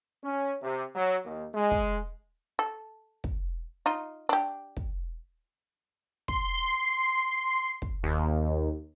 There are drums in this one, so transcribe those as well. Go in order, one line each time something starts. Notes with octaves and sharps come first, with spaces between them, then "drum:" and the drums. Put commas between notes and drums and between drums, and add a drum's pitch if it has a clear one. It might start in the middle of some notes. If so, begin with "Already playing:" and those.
C#4
C3
F#3
D#2
G#3
drum: kick
A4
drum: kick
D#4 F4
D4 G4
drum: kick
C6, drum: kick
drum: kick
D#2